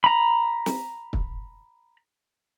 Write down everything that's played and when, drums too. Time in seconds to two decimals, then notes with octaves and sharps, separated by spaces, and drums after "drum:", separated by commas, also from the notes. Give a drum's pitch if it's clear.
0.04 A#5 B5
0.66 drum: snare
1.13 drum: kick